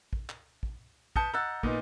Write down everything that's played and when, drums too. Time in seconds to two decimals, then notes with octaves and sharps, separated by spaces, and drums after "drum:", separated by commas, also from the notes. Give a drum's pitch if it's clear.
0.13 drum: kick
0.29 drum: clap
0.63 drum: kick
1.16 B4 A5 D#6 G6 C#7, drum: kick
1.33 D#5 F#5 A#5 E6 A6
1.63 A#2 B3 D#4, drum: kick